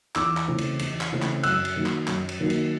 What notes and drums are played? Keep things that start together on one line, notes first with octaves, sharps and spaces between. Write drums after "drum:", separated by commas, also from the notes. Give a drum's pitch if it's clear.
E2 D6 E6, drum: clap
drum: clap
C#3 E3 A3 C4
drum: cymbal
E2, drum: cymbal
drum: clap
C#3 E3 A3 C4
drum: clap
F#2 E6 F#6, drum: cymbal
drum: cymbal
D#3 F#3 A#3
drum: clap
F#2, drum: clap
drum: cymbal
D#3 F#3 A#3
drum: cymbal